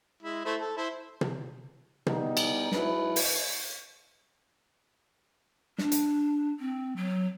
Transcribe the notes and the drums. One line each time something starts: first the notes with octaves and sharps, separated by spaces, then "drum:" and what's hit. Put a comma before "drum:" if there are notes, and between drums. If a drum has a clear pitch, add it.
G#3 E4
A3 E4 C5
A4
E4 C5
drum: tom
G3 B3 D#4, drum: tom
drum: cymbal
G#2 F#3 E4 B4, drum: snare
drum: open hi-hat
D4, drum: snare
drum: hi-hat
C4
F#3